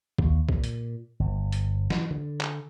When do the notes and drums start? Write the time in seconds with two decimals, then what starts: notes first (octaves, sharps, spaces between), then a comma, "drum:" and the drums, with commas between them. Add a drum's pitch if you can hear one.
0.18 D#2, drum: kick
0.49 A#2, drum: kick
0.64 drum: hi-hat
1.20 G1
1.52 drum: hi-hat
1.90 E3, drum: snare
2.11 D3
2.41 drum: clap